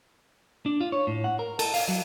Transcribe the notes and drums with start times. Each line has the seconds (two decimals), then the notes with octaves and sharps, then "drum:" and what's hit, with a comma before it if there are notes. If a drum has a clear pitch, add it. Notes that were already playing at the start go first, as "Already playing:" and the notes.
0.66 D4
0.81 F4
0.92 C#5
1.07 A2
1.24 F#5
1.39 A#4
1.59 A4, drum: cymbal
1.74 F5, drum: open hi-hat
1.89 F#3